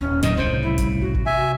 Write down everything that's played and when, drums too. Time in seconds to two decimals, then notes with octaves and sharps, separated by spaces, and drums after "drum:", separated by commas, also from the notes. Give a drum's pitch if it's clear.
0.01 D#1 C#4
0.23 F#2 A2 D3 D#5, drum: hi-hat
0.37 C2 A2 C#3 C5
0.63 G3 E4
0.78 drum: kick G#1, hi-hat
1.01 F#4
1.15 drum: kick G#1
1.26 C3 E5 G#5